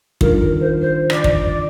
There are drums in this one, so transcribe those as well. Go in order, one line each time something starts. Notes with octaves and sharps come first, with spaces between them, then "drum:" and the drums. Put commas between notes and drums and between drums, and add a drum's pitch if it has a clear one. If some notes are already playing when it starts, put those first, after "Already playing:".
D#3 G3 D4 F4 A#4, drum: kick
A#4
C5
C5
D5, drum: rim click
drum: kick
D5